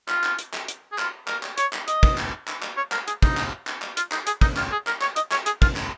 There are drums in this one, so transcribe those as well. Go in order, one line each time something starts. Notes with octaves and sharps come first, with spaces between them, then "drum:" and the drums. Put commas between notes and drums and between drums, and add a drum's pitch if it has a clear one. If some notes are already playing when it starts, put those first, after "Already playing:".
F4, drum: clap
drum: clap
drum: hi-hat
drum: clap
drum: hi-hat
G#4
F4, drum: clap
A#4, drum: clap
drum: clap
C#5, drum: hi-hat
drum: clap
D#5, drum: hi-hat
drum: kick
drum: clap
drum: clap
drum: clap
C#5
A#4, drum: clap
G#4, drum: hi-hat
D#4, drum: kick
drum: clap
drum: clap
drum: clap
F4, drum: hi-hat
D#4, drum: clap
G#4, drum: hi-hat
D#4, drum: kick
F4, drum: clap
G#4
A#4, drum: clap
C#5, drum: clap
D#5, drum: hi-hat
C#5, drum: clap
G#4, drum: hi-hat
F4, drum: kick
drum: clap